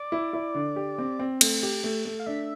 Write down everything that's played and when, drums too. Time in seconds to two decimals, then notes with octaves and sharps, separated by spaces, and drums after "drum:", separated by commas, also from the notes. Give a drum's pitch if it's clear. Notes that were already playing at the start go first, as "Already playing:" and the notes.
Already playing: D5
0.12 E4
0.33 E4
0.55 D3
0.76 G4
0.98 C4
1.19 C4
1.41 A3, drum: cymbal
1.63 G4
1.84 A3
2.05 A3
2.20 F5
2.26 D4 E5